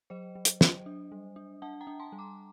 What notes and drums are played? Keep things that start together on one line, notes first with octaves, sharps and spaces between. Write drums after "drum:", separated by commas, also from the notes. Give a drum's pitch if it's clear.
F#3 C5 D#5
F#3
drum: hi-hat
F#3, drum: snare
D4
G3
D4
D4 F#5 A5
G5 A#5
D4
A5 C6
G3
A#5 D6